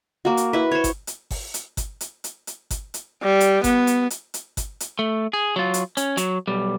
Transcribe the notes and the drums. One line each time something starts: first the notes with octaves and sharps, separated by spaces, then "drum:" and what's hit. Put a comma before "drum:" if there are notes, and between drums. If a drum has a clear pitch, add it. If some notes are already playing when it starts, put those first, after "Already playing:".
A#3 F#4
drum: hi-hat
E4 B4
C5 C#5
drum: kick G1, hi-hat
drum: hi-hat
drum: kick G1, open hi-hat
drum: hi-hat
drum: kick G1, hi-hat
drum: hi-hat
drum: hi-hat
drum: hi-hat
drum: kick G1, hi-hat
drum: hi-hat
G3
drum: hi-hat
B3, drum: kick G1, hi-hat
drum: hi-hat
drum: hi-hat
drum: hi-hat
drum: kick G1, hi-hat
drum: hi-hat
A3
G#4
F#3 F4
drum: hi-hat
C#4, drum: hi-hat
F#3, drum: hi-hat
B1 G3